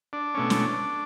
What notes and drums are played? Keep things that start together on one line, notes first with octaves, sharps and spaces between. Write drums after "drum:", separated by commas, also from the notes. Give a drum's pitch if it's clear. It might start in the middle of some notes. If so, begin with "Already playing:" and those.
D4
B2 A3 C#4
drum: snare